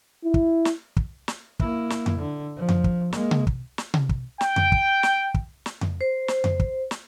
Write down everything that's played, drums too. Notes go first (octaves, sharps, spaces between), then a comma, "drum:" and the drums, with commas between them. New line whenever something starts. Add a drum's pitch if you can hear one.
E4
drum: kick
drum: snare
drum: kick
drum: snare
A#3 E4, drum: kick
drum: snare
drum: tom F2
D3
F3
drum: tom F2
drum: kick
G#3 A#3, drum: snare
drum: tom C3
drum: kick
drum: snare
drum: tom C3
drum: kick
G5, drum: snare
drum: tom F2
drum: kick
drum: snare
drum: kick
drum: snare
drum: tom F2
C5
drum: snare
drum: tom F2
drum: kick
drum: snare